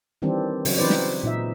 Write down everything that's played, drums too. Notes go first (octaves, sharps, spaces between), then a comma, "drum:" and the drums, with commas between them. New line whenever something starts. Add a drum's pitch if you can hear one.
D#3 E3 G3 C4 D4
C#3 F#3, drum: open hi-hat
E3 C4 D#4 B4 C5 D5
drum: snare
A#2 D#4 E5